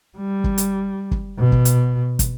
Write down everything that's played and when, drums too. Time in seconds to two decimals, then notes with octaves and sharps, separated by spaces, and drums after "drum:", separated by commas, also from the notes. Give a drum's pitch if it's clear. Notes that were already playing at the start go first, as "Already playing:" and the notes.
0.17 G3
0.44 drum: kick
0.58 drum: hi-hat
1.11 drum: kick
1.38 B2
1.52 drum: kick
1.65 drum: hi-hat
2.19 drum: kick, hi-hat